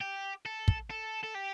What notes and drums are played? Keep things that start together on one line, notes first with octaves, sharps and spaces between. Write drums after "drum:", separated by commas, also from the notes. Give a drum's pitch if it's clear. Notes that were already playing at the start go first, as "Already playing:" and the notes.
G4
A4
drum: kick
A4
A4
G4